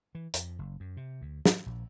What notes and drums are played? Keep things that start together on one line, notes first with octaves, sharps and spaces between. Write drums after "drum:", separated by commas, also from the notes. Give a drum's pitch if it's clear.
E3
F2, drum: hi-hat
F#1
F#2
C3
D2
F#3, drum: snare
A#1